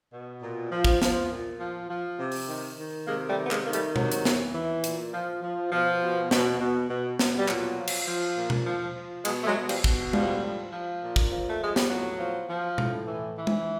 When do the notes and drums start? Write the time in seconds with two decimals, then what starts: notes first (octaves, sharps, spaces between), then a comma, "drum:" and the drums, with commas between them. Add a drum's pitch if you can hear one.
0.13 B2
0.42 A#2
0.72 F3
0.85 drum: kick
1.02 F3, drum: snare
1.31 A#2
1.60 F3
1.90 F3
2.19 C3
2.32 drum: open hi-hat
2.49 D#3
2.78 D#3
3.07 C3 G#3 A#3
3.29 G3 A3
3.37 D#3
3.45 B3
3.51 G#3 A#3, drum: clap
3.66 D#3 A#3
3.73 G3 A3, drum: hi-hat
3.96 C3 F#3, drum: tom B2
4.12 drum: hi-hat
4.25 E3, drum: snare
4.55 E3
4.84 A#2, drum: hi-hat
5.13 F3
5.43 F3
5.72 B2 F3
6.02 B2
6.31 B2, drum: snare
6.60 B2
6.90 B2
7.19 B2, drum: snare
7.38 G3
7.48 A#2 F#3, drum: clap
7.78 F3
7.87 drum: cymbal
8.07 F3
8.37 A#2
8.50 drum: tom B2
8.67 F3
8.96 F3
9.25 B2 F#3 G#3, drum: cymbal
9.43 A3
9.47 F#3 G#3
9.55 B2
9.69 F3 G3, drum: cymbal
9.84 B2, drum: kick
10.13 A2 F3 G3, drum: tom G#3
10.43 F3
10.73 F3
11.02 A#2
11.16 drum: kick
11.31 F3
11.50 A3
11.60 F3 G#3
11.76 G3, drum: snare
11.90 A2 F#3
12.19 F3
12.49 F3
12.78 A2, drum: tom B2
13.08 E3
13.37 E3
13.47 drum: tom G#3